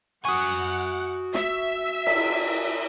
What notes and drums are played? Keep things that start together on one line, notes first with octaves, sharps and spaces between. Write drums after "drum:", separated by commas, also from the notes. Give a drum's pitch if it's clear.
F#4 F#5 G#5 C#6 D#6
E5, drum: snare
B6, drum: cymbal